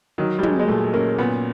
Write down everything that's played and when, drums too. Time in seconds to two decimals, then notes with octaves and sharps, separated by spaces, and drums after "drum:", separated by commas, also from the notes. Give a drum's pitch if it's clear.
0.18 D#3 F#3
0.39 G3
0.43 F#3 G#3, drum: tom
0.59 G#3
0.68 A#2 A3
0.93 A#3 C#4
1.18 A#2 B3